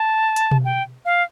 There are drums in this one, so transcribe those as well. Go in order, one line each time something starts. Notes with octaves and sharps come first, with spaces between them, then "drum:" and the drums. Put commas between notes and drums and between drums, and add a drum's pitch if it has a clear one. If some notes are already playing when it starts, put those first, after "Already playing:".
Already playing: A5
drum: hi-hat
drum: tom B2
G5
F5